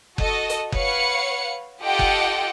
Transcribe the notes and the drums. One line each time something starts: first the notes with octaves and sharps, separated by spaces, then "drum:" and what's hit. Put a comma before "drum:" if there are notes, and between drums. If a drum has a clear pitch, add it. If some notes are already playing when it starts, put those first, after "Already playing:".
F#4 A4 D#5, drum: kick F#1
drum: hi-hat
B4 C#5 F5 F#5 C#7, drum: kick F#1
F4 G4 A4 D#5 F#5 G5
drum: kick F#1